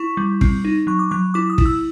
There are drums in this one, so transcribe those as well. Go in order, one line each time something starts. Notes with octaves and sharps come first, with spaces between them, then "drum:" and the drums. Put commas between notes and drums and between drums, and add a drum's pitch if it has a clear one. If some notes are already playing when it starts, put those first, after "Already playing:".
Already playing: E4 C#6
G3
C4, drum: kick
D#4
F#3 C#6
D6
F#3 C#6
E4 D6
D#6
E4, drum: kick
E6